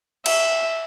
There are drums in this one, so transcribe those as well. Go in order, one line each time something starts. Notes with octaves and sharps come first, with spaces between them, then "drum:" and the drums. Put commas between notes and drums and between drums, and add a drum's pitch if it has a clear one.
E5, drum: cymbal